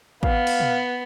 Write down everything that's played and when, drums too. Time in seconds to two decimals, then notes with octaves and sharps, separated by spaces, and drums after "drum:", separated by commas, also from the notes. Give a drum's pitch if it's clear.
0.23 B3 F5, drum: kick
0.47 drum: cymbal
0.60 drum: tom